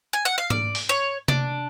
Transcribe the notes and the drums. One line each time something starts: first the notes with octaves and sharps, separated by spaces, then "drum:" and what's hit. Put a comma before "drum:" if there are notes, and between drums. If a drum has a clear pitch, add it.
G#5
F#5
F5
D5, drum: tom G#2
drum: open hi-hat
C#5
D4, drum: tom C3